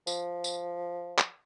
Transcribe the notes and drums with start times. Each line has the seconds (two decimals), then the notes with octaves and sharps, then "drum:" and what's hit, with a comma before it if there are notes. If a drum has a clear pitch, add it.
0.07 F3, drum: tambourine
0.44 drum: tambourine
1.18 drum: clap